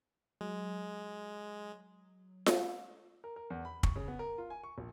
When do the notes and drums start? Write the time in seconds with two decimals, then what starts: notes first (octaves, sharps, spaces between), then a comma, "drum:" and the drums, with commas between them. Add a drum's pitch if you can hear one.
0.41 F#3 G#3
2.46 drum: snare F4
3.24 A#4
3.36 A#4
3.50 E2
3.65 B5
3.83 C#6, drum: kick
3.96 C#3
4.08 B3
4.19 A#4
4.38 F4
4.50 G#5
4.63 C#6
4.78 A#1